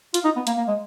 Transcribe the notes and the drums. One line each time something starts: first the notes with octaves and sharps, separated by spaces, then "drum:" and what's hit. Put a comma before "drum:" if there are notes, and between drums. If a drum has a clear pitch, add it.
F4, drum: hi-hat
D#4
B3
A#3, drum: hi-hat
A#3
G#3